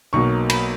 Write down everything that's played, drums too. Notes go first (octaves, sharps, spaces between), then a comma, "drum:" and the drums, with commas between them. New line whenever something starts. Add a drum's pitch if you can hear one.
B1 B2 F#3 A#3 C#6
B5, drum: cymbal